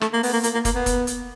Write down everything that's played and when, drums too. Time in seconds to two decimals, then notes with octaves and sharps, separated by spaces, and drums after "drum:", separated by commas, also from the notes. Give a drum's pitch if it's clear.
0.01 A3, drum: rim click
0.13 A#3
0.23 B3, drum: open hi-hat
0.33 A#3
0.43 A#3, drum: hi-hat
0.54 A#3
0.65 A#3, drum: kick, hi-hat
0.75 B3
0.86 drum: kick, hi-hat
1.07 drum: hi-hat